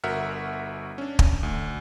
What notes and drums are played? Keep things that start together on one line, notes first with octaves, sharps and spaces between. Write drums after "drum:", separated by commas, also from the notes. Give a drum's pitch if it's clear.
G1 F#4 A#4 E5 F#5 F6
C#4 D4
drum: kick
D2